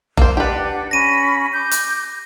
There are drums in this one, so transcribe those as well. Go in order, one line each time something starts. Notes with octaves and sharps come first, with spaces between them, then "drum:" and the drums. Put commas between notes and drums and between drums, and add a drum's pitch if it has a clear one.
A#3 C5, drum: kick F#1
D4 G4 B4 F#5
C#4 B5 A#6 D#7
D6 G6
drum: hi-hat